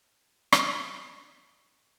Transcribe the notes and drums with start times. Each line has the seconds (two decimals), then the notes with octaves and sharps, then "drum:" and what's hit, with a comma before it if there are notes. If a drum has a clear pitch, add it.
0.05 C#6
0.52 drum: rim click
1.16 F#4